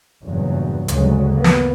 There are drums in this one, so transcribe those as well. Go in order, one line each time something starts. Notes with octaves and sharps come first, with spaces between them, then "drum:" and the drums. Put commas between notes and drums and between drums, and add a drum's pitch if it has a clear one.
F#1 E2 G2 A#2 C#3 F#3
G1 D2 G2 C#3 F#3 G#3, drum: hi-hat
A#3 B3
drum: snare